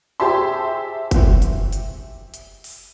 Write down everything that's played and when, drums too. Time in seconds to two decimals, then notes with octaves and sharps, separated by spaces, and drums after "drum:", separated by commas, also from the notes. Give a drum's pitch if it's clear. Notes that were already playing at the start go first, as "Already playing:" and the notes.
0.20 G4 G#4 C5 E5 A5 C6
1.11 drum: kick F#1, hi-hat
1.42 drum: hi-hat
1.73 drum: hi-hat
2.34 drum: hi-hat
2.64 drum: open hi-hat